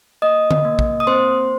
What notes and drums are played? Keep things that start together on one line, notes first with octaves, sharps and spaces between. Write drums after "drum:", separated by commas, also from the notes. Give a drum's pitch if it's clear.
A#3 D#5 D#6
drum: tom D3
A#3
drum: kick
D#6
C4 C5 C6